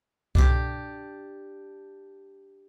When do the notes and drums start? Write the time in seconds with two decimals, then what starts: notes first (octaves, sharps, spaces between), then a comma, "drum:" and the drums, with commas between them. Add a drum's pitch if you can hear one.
0.35 D4 G4, drum: kick C2